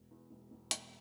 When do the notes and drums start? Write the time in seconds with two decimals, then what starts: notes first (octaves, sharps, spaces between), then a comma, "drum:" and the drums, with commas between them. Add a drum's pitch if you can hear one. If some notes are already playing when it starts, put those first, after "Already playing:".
Already playing: E1
0.11 E2
0.31 E1
0.51 E1
0.71 E1, drum: hi-hat